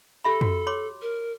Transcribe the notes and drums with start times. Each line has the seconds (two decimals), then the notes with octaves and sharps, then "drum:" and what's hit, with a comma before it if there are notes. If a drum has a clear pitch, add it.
0.24 G4 A4 E5 B5
0.41 F#4, drum: tom
0.67 C#5 C6 D6
1.02 A#4